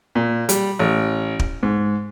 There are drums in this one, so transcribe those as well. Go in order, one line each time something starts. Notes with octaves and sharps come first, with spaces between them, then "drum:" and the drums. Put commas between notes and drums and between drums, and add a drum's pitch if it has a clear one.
A#2
G3, drum: hi-hat
A1
drum: kick
G#2